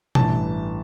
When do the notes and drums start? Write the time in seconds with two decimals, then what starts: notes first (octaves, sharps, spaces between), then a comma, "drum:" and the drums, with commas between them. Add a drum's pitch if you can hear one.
0.15 A1 G2 E3 A5, drum: tom B2